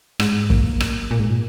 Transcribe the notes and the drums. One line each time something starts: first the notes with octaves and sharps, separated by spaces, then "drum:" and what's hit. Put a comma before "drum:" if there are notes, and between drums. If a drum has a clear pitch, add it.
G#2, drum: rim click
A#3, drum: kick
drum: rim click
A#2
G#2
A#2